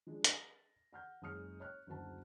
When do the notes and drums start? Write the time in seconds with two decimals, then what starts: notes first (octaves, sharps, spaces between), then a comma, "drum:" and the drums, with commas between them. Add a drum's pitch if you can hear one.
0.07 F3 G#3 D4
0.24 A6 A#6, drum: hi-hat
0.93 F#5 F6 G6
1.22 F#1 G#3 C#5 D#6 F6 C#7
1.60 C#5 F6 F#6
1.87 F#1 D2 F#4 C5 A5